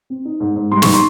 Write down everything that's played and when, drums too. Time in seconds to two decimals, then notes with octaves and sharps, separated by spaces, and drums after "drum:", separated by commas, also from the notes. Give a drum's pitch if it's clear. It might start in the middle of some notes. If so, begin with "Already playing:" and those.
0.10 C4
0.25 D#4
0.40 G#2
0.56 G#2
0.72 G3 C6
0.82 D#4 C#6, drum: snare
0.94 C6